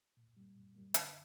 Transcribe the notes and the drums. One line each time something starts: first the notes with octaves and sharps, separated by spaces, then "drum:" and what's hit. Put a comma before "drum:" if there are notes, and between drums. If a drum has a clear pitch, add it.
A#2
G3 A#3
A#2
G3 A#3
D3, drum: hi-hat